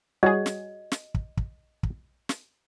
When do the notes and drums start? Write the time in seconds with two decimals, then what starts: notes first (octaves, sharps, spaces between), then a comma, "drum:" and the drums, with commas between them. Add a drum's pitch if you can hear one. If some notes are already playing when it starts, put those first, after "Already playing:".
0.23 G3 F#4 G#4 C#5 D#5
0.46 drum: snare
0.92 drum: snare
1.14 drum: kick
1.37 drum: kick
1.83 drum: kick
2.29 drum: snare